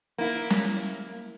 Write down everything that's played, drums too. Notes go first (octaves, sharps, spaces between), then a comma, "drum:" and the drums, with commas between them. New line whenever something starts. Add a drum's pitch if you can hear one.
A#3 E4
drum: snare